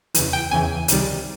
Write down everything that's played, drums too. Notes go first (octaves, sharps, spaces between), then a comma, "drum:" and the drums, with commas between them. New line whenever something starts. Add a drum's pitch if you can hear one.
E2 C#3 E3, drum: hi-hat
G5
E2 C#3 E3 G#5
C#2 C3 D#3 G3, drum: hi-hat